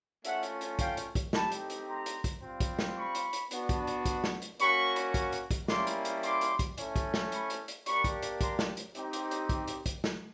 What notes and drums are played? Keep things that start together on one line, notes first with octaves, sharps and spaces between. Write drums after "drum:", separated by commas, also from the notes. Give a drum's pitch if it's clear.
A3 C#4 F4 E5 F#5, drum: hi-hat
drum: hi-hat
drum: hi-hat
F5 G5, drum: kick, hi-hat
drum: hi-hat
drum: kick, hi-hat
A3 C4 D#4 G4 A5 B5, drum: snare
drum: hi-hat
drum: hi-hat
A#5 C6
drum: hi-hat
drum: kick, hi-hat
G3 C4 F4
drum: kick, hi-hat
drum: snare
B5 C#6
drum: hi-hat
drum: hi-hat
B3 D4 F#4, drum: hi-hat
drum: kick, hi-hat
drum: hi-hat
drum: kick, hi-hat
drum: snare
drum: hi-hat
A#3 C#4 F#4 B5 C#6, drum: hi-hat
drum: hi-hat
drum: kick, hi-hat
drum: hi-hat
drum: kick, hi-hat
G3 A#3 C#4 E4 C6 D6, drum: snare
drum: hi-hat
drum: hi-hat
C6 D6, drum: hi-hat
drum: hi-hat
drum: kick, hi-hat
A3 C#4 E4, drum: hi-hat
drum: kick, hi-hat
drum: snare
B5 C#6, drum: hi-hat
drum: hi-hat
drum: hi-hat
A#3 D4 G4 B5 C#6, drum: hi-hat
drum: kick, hi-hat
drum: hi-hat
A#5 C6, drum: kick, hi-hat
drum: snare
drum: hi-hat
C4 D#4 G4, drum: hi-hat
drum: hi-hat
drum: hi-hat
drum: kick, hi-hat
drum: hi-hat
drum: kick, hi-hat
drum: snare